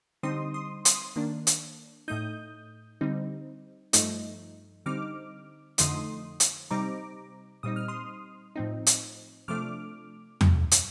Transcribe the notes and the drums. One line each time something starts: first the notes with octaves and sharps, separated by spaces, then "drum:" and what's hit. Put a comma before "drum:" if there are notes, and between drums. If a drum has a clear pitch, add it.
D3 G3 C4 D#4 C6 D#6
C6 D#6
C6 D#6, drum: hi-hat
D#3 A#3 D4
drum: hi-hat
A2 A3 D#4 D#6 G6
D3 G3 C4 D#4
G2 F3 A3 D#4, drum: hi-hat
D3 G3 C4 D#4 D6 F6
F2 D3 F3 A3 D#4 C6 D#6, drum: hi-hat
drum: hi-hat
C3 G3 C4 D#4 A#5 D6
A#2 G3 C4 D#4 D#6
F6
C6 D#6
A2 F3 C4 D#4
drum: hi-hat
C3 F3 A3 D4 D6 F6
drum: tom E2
drum: hi-hat